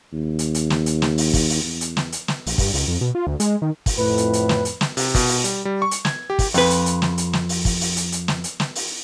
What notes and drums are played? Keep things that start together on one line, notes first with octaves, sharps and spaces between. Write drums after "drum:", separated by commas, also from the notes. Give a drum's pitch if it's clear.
D#2
drum: hi-hat
drum: hi-hat
drum: snare
drum: hi-hat
drum: snare
drum: open hi-hat
drum: kick, open hi-hat
drum: open hi-hat
E2
drum: hi-hat
drum: snare
drum: hi-hat
drum: snare
A#1, drum: open hi-hat
G2, drum: kick, open hi-hat
C#2, drum: open hi-hat
F2
B2
F4
D2
G#3, drum: hi-hat
D#3
drum: kick, open hi-hat
F2 A2 B4
drum: hi-hat
drum: hi-hat
drum: snare
drum: hi-hat
drum: snare
C3, drum: open hi-hat
B2, drum: kick, open hi-hat
drum: open hi-hat
G3, drum: hi-hat
G3
C#6
drum: hi-hat
G#6, drum: snare
G4
drum: kick, open hi-hat
F2 B4, drum: open hi-hat
drum: hi-hat
drum: hi-hat
drum: snare
drum: hi-hat
drum: snare
drum: open hi-hat
drum: kick, open hi-hat
drum: open hi-hat
drum: hi-hat
drum: hi-hat
drum: snare
drum: hi-hat
drum: snare
drum: open hi-hat